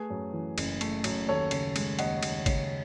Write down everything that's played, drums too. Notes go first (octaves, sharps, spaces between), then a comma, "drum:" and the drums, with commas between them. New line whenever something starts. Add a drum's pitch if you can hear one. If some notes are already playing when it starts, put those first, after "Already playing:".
Already playing: A3 G#4 B4
F#2
E3
F#1, drum: cymbal
A3, drum: cymbal
F#2, drum: cymbal
D#2 A4 C#5
C#3, drum: cymbal
G#3, drum: cymbal
D#2 D#5 F#5, drum: cymbal
D#2, drum: cymbal
C#3, drum: kick G#1, cymbal